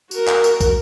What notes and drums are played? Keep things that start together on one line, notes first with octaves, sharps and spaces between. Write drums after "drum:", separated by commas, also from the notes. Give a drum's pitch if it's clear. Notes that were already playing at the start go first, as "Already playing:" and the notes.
F#4 A#4, drum: tambourine
drum: clap
drum: tambourine
drum: kick, tambourine